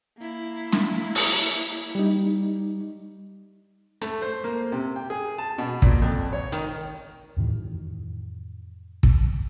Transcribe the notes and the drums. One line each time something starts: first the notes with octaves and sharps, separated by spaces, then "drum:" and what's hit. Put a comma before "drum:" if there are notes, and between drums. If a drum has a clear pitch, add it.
A#3 E4
drum: snare
drum: open hi-hat
G3 D#4
A3, drum: hi-hat
C5
A#3
C3
G5
G#4
A5
B2
A#2, drum: kick
F2
C#5
D#3, drum: hi-hat
F2 A2 D#3 E3
drum: kick